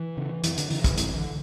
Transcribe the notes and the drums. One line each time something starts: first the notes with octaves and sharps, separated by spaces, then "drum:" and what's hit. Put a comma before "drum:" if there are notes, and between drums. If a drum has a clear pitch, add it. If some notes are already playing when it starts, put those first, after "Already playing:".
Already playing: E3
C#3
F#2 E3, drum: hi-hat
D3, drum: hi-hat
C#3 E3, drum: open hi-hat
E3, drum: kick, hi-hat
G#2 E3, drum: hi-hat
D3